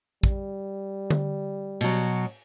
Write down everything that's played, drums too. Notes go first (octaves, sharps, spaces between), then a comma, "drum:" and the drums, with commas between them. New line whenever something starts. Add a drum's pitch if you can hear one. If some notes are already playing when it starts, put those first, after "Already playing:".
G3, drum: kick
drum: tom D3
B2 F#3, drum: cymbal